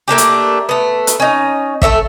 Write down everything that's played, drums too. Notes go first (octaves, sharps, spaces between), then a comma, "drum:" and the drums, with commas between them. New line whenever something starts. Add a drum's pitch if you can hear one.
A3 A#3 D4 G4
drum: hi-hat
A3 B3
drum: hi-hat
C#4 D#4
A3 A4 C#5 E5, drum: kick